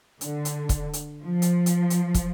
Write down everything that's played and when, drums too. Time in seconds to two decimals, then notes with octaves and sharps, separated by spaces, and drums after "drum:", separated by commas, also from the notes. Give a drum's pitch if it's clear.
0.21 D3, drum: hi-hat
0.45 drum: hi-hat
0.69 drum: kick, hi-hat
0.93 drum: hi-hat
1.22 F3
1.42 drum: hi-hat
1.66 drum: hi-hat
1.90 drum: hi-hat
2.14 drum: kick, hi-hat